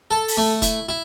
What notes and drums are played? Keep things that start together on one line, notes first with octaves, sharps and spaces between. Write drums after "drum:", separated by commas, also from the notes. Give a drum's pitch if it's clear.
A4
drum: open hi-hat
A3
E4, drum: kick, hi-hat
E4